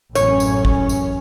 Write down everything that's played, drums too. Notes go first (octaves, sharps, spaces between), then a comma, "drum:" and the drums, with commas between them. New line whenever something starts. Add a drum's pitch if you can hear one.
A1 F#2 C#4 C#5, drum: tambourine
drum: tambourine
drum: kick
drum: tambourine